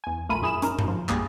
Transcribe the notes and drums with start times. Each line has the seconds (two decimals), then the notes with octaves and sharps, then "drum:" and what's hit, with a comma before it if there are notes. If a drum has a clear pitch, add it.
0.04 E2 G#5
0.29 A#1 A3 F4 A#4 B5 D#7
0.42 F#2 E4 G#4 B5 E7
0.62 C#4 D#4 A#4, drum: hi-hat
0.79 drum: tom F#2
0.88 F3
1.09 A#1 G3 A#3 G#4, drum: clap